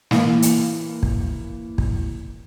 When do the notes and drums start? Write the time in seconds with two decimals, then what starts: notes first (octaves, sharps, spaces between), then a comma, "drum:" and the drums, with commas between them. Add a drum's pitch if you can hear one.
0.11 E3 A#3, drum: snare
0.42 drum: hi-hat
1.03 drum: kick
1.78 drum: kick